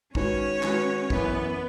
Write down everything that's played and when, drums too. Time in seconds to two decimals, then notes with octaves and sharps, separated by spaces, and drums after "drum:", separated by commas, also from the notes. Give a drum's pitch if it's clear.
0.15 D#3 G#3 C#4 D#4 F#4 B4 C#5, drum: kick
0.63 D#3 G#3 D#4 F#4 B4, drum: clap
1.10 F#1 F#2 E3 B3 B4, drum: kick